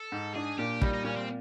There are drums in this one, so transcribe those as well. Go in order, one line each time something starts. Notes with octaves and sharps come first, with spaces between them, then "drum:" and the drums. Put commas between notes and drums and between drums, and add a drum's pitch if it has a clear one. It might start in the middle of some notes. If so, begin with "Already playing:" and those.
Already playing: A4
G#2
D4 G#4
A#2 G4
G3 D#4, drum: kick
D#4
A#2 C#4
C4